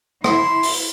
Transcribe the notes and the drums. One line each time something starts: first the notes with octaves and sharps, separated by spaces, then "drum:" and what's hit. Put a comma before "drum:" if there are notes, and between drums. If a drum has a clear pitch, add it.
E4 C6, drum: rim click
drum: open hi-hat